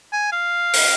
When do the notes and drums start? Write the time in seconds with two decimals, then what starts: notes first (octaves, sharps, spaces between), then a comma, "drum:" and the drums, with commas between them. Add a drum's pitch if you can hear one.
0.12 G#5
0.32 F5
0.74 drum: open hi-hat